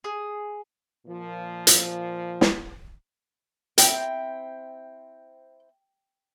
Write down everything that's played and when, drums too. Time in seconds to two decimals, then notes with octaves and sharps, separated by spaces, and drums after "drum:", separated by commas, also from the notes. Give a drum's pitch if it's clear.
0.04 G#4
1.07 A#2 F3
1.67 drum: hi-hat
2.41 drum: snare
3.78 C4 E4 G5, drum: hi-hat